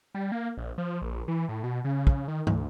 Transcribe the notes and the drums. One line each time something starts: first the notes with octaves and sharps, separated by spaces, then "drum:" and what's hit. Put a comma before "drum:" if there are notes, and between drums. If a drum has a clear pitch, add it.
G3
A#3
A#1
F3
A#1
E3
A2
B2
C#3
C#3, drum: kick
D#3
D2, drum: tom